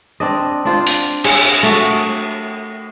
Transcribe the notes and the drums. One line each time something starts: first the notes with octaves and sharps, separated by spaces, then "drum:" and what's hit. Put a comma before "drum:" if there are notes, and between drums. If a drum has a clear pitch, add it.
C4 D4 D#5
D4 F4 C5
drum: hi-hat
G#4, drum: cymbal
A3 F#4